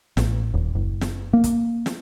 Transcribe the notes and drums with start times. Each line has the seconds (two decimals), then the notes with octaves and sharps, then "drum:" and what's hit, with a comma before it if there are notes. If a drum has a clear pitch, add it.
0.17 A1, drum: snare
0.54 D#1
0.75 F#1
1.01 drum: snare
1.33 A#3
1.44 drum: kick, hi-hat
1.86 drum: snare